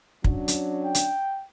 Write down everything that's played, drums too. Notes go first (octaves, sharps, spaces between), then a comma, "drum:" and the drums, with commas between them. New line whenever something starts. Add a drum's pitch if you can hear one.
F#3 C#4 D4, drum: kick
drum: hi-hat
G5
drum: hi-hat